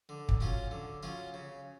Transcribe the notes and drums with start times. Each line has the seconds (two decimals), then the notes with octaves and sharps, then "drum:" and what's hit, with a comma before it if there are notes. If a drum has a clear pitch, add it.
0.09 D3
0.29 drum: kick
0.40 F#3 C#4 F4
0.71 D3
1.03 F#3 C#4 F4
1.34 C#3